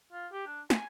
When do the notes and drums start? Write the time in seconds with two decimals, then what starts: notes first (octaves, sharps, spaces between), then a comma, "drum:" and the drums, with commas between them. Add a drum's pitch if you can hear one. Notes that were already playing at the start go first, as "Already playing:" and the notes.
0.12 F4
0.32 G4
0.47 D4
0.70 G#5, drum: snare